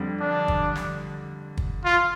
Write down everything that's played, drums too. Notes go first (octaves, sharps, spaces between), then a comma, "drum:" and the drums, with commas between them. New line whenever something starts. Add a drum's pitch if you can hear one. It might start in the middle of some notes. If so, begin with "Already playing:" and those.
Already playing: F2 D3 G3
D4
drum: kick
drum: snare
drum: kick
F4